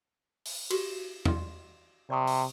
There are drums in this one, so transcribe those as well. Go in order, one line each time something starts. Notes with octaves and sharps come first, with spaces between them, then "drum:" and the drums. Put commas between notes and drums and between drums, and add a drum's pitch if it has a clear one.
drum: open hi-hat
F#4 G4, drum: cymbal
D5 D#5 C6, drum: tom
C3 D5 C#6 D#6
drum: open hi-hat